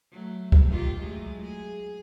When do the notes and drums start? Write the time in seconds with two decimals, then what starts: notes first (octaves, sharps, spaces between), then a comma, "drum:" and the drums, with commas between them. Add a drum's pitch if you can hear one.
0.12 F#3 A3
0.52 drum: kick
0.70 D#3 F4 G4
1.00 F#3 G#3 A3
1.42 G#4